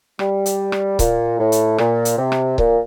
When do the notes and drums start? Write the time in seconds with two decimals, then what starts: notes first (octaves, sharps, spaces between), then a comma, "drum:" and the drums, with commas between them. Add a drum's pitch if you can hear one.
0.19 G3, drum: rim click
0.46 drum: hi-hat
0.72 drum: rim click
0.99 A#2, drum: kick C#1, hi-hat
1.39 A2
1.52 drum: hi-hat
1.78 A#2, drum: rim click
2.05 drum: hi-hat
2.18 C3
2.32 drum: rim click
2.58 A#2, drum: kick C#1